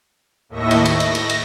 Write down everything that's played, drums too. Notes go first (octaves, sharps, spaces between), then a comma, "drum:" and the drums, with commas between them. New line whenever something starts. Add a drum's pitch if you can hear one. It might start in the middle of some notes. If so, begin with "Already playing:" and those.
D#2 A2 D#5 E5 C#6 A#6
drum: cymbal
A#6, drum: cymbal
drum: cymbal
drum: cymbal
drum: cymbal